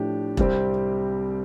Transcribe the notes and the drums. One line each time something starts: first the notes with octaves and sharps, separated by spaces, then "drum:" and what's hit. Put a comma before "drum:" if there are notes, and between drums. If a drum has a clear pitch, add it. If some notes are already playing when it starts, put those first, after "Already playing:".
Already playing: A2 F3 D4 G4
C2 C3 G3 C4 G4, drum: kick E1